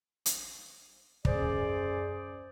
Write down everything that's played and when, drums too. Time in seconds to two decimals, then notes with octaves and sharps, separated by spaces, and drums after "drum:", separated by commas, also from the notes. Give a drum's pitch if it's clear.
0.26 drum: hi-hat
1.25 F#2 G#4 C5 D5, drum: kick